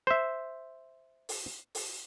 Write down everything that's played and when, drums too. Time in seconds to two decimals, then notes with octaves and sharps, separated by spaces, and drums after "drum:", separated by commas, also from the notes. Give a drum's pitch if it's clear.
0.07 C5 E5
1.29 drum: open hi-hat
1.75 drum: open hi-hat